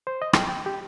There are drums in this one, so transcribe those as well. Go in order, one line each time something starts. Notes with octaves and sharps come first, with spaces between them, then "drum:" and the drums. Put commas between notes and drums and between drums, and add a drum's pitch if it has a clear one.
C5
D#5
G5, drum: rim click
G5
G4